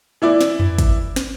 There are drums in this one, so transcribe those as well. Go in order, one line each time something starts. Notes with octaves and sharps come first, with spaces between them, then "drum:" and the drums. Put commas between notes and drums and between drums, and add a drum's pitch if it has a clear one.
E3 E4 D5
drum: snare
drum: tom F2
drum: kick, hi-hat
drum: snare